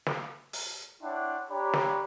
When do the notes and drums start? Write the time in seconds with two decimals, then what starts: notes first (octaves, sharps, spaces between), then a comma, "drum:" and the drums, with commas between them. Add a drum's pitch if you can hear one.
0.06 drum: snare
0.53 drum: open hi-hat
1.02 D4 E4 C#5 F#5 G5 C6
1.49 D4 G4 C#5 D5 A#5 B5
1.73 drum: snare